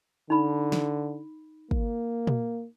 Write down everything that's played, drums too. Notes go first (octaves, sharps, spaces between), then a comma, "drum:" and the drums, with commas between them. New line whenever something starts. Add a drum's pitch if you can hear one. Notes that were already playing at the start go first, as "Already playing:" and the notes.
D3 D#4 B5
drum: snare
A#3, drum: kick
drum: tom A#2